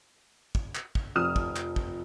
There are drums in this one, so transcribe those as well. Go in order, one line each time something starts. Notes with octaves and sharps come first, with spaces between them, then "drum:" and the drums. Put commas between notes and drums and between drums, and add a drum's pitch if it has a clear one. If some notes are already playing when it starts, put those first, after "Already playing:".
drum: kick
drum: clap
drum: kick
F1 F3 D#6 F6 E7
drum: kick
drum: clap
drum: kick